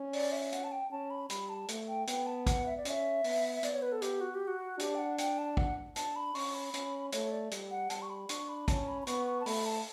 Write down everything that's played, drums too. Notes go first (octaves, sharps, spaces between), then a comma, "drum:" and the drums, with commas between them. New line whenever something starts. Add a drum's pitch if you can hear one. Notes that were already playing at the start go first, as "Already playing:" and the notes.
Already playing: C#4
D5, drum: open hi-hat
E5
F#5, drum: hi-hat
A5
G5
C#4 A5
B5
G3 B5, drum: hi-hat
A5
A3, drum: hi-hat
G5
B3 G5, drum: hi-hat
A5
F#5, drum: kick, hi-hat
E5
D5
C#4 E5, drum: hi-hat
B3, drum: open hi-hat
E5
B3 D5, drum: hi-hat
C#5
B4
A4
G4, drum: hi-hat
F#4
G4
F#4
D4 G4, drum: hi-hat
G5
F#5
G5, drum: hi-hat
A5
F#5, drum: kick
D4 A5, drum: hi-hat
B5
C#4 C#6, drum: open hi-hat
B5
C#4, drum: hi-hat
A3 C#5, drum: hi-hat
D5
G3, drum: hi-hat
F#5
G3 A5, drum: hi-hat
C#6
B5
D4 C#6, drum: hi-hat
B5
C#4 A5, drum: kick, hi-hat
B5
B5
B3 C#6, drum: hi-hat
C#6
A5
A3 B5, drum: open hi-hat
A5